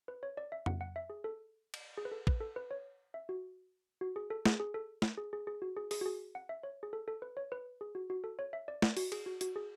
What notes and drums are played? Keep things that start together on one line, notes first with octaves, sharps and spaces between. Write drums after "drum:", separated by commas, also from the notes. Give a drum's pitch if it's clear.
B4
C#5
D5
E5
F#5, drum: tom F2
F#5
E5
G#4
A4
drum: cymbal
G#4
B4
A4
B4, drum: kick
A4
B4
C#5
E5
F#4
F#4
G#4
A4
G#4, drum: snare
G#4
A4
drum: snare
G#4
G#4
G#4
F#4
G#4
G#4, drum: open hi-hat
F#4
G#4
F#5
E5
C#5
G#4
A4
A4
B4
C#5
B4
G#4
F#4
F#4
A4
C#5
E5
D5
D5, drum: snare
F#4, drum: open hi-hat
G#4, drum: cymbal
F#4
F#4, drum: hi-hat
G#4